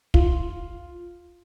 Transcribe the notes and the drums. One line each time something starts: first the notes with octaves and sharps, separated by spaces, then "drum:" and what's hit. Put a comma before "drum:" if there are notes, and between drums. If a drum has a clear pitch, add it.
F4, drum: kick